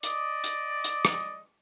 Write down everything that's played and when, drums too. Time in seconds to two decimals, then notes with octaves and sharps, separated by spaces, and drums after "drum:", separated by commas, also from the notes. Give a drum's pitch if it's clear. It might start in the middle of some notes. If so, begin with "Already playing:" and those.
0.03 D5 D#5, drum: hi-hat
0.44 drum: hi-hat
0.84 drum: hi-hat
1.05 drum: rim click